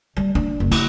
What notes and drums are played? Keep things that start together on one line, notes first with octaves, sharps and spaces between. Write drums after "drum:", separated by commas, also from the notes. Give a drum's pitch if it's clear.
G3
D4
F#1
E4, drum: cymbal